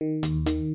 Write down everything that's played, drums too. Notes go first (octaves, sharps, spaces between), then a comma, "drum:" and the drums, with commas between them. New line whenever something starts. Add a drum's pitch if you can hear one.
D#3
D#2, drum: hi-hat
D#3, drum: hi-hat